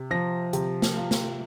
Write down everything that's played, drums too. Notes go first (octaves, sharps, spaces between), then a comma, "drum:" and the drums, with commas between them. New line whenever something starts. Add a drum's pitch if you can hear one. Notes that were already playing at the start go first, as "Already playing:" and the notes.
Already playing: C3
F3 A#6
C3, drum: hi-hat
drum: snare
F4
drum: snare